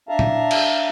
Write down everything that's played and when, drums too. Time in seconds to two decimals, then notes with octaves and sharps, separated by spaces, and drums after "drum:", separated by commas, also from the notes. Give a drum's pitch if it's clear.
0.09 D4 E5 F5 A5 A#5
0.19 drum: tom
0.51 drum: cymbal